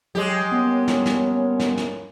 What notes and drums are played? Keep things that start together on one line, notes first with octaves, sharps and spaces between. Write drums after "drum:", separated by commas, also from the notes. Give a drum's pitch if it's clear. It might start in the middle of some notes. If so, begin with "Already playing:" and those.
F#3 G#3 G4
G3 A#3 B3 C#4
drum: snare
drum: snare
drum: snare
drum: snare